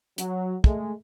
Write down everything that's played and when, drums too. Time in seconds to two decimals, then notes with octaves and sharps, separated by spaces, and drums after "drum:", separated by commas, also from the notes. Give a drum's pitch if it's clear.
0.18 F#3, drum: hi-hat
0.64 G#3 A3, drum: kick